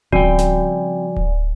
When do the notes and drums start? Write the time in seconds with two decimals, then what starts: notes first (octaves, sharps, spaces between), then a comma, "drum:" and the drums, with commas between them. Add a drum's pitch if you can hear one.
0.13 C#3 F3 G3 C4 F#4 D5 G5 G#5, drum: kick D1
0.39 drum: snare
1.16 drum: kick D1